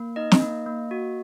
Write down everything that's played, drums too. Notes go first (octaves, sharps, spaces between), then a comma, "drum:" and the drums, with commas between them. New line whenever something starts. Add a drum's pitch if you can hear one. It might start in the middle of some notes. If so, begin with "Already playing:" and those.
Already playing: A#3
D#4 D#5
drum: snare
A#3
A#3
F#4